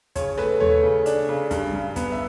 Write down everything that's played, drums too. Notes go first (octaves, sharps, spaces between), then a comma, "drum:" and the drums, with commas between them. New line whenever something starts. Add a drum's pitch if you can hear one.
C#3 C#5, drum: kick, hi-hat
A3 B4, drum: rim click
A3 C#5, drum: tom D#2
C#3
D4, drum: hi-hat
C#3
G2, drum: kick, hi-hat
G2
B3, drum: kick, hi-hat
E5